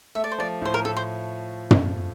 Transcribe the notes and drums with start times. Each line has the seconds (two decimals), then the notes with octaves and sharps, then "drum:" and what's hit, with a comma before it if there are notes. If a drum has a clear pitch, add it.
0.15 A3 E5
0.24 D5
0.32 C5
0.39 F3 D5
0.62 A2 C5
0.74 A#4
0.85 A2 A4
0.97 C5
1.71 drum: tom